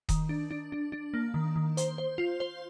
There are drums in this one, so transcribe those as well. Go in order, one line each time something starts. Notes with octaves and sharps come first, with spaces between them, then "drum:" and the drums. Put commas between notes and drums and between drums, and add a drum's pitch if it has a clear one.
D#3, drum: kick D#1, hi-hat
D4
D4
D4
D4
A#3
D#3
D#3
C5, drum: hi-hat
C5
F4
C5